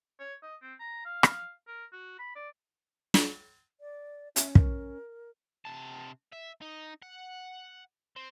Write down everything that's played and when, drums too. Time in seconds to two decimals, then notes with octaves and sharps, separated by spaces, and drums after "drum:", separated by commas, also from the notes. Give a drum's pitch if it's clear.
0.20 C#5
0.43 D#5
0.62 C4
0.80 A#5
1.06 F5
1.23 drum: rim click
1.68 A#4
1.93 F#4
2.19 B5
2.35 D5
3.14 drum: snare
3.81 D5
4.36 C#4 E5, drum: hi-hat
4.55 A#4, drum: kick
5.65 C3 A5
6.33 E5
6.62 D#4
7.02 F#5
8.16 C4